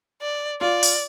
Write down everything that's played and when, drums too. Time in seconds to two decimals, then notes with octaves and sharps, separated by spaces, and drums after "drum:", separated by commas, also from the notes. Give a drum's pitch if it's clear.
0.22 D5
0.61 F4 D5
0.83 drum: open hi-hat